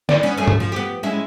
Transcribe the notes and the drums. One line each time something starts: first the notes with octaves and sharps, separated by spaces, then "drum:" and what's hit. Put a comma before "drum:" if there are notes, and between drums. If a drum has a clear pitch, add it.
D5, drum: snare
B3 C#4
F#2 A3 G#4
drum: tom G2
F3
B3 G4
G#3 C#4 E4